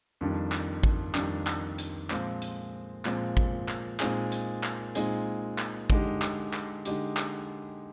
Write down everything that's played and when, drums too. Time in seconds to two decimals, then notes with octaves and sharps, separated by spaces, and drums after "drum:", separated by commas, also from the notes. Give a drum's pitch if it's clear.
0.21 F2 D#3 G3 D4
0.52 drum: clap
0.83 drum: kick
1.15 F2 D#3 G3 D4, drum: clap
1.47 drum: clap
1.78 drum: hi-hat
2.10 A#2 F3 G#3 C4, drum: clap
2.42 drum: hi-hat
3.05 A#2 F3 G#3 C4, drum: clap
3.37 drum: kick
3.68 drum: clap
4.00 A#2 G#3 C4 D#4 G#4, drum: clap
4.32 drum: hi-hat
4.63 drum: clap
4.95 A#2 G#3 C4 D#4 G#4, drum: hi-hat
5.58 drum: clap
5.90 D3 G#3 D#4 G4, drum: kick
6.22 drum: clap
6.53 drum: clap
6.85 D3 G#3 D#4 G4, drum: hi-hat
7.17 drum: clap